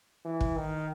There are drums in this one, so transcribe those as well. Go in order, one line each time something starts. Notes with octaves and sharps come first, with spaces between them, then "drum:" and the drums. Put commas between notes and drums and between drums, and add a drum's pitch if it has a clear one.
E3
drum: kick
D#3